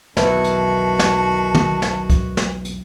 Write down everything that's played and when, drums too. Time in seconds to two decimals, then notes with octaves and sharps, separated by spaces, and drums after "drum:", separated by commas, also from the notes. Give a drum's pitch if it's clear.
0.17 B1 E2 D#3 F#4 B4 E5 A5, drum: snare
0.44 drum: hi-hat
0.99 drum: snare
1.54 drum: tom
1.82 drum: snare
2.10 drum: kick C#2, hi-hat
2.37 drum: snare
2.65 drum: hi-hat